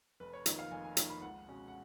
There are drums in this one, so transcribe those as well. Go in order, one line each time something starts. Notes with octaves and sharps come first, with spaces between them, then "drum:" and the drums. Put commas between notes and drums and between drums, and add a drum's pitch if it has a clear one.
F1 B4
C#5
F2 D#3 A#3 D#5, drum: hi-hat
F5
F1 G#5
G#5
F2 D#3 A#3, drum: hi-hat
B5
C#2 F#5
B2 G#3 C#4
F#5